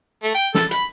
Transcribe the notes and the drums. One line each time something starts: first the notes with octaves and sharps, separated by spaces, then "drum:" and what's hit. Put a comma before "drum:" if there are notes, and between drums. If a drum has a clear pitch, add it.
A3
G5
A4, drum: snare
B5, drum: hi-hat